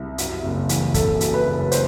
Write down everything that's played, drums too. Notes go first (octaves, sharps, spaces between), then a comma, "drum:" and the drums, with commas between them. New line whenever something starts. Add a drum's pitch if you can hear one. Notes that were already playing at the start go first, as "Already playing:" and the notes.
Already playing: C2
F#2, drum: hi-hat
F#1
E3, drum: hi-hat
F#1 A4, drum: kick, hi-hat
F#2, drum: hi-hat
B4
F#1
C5, drum: hi-hat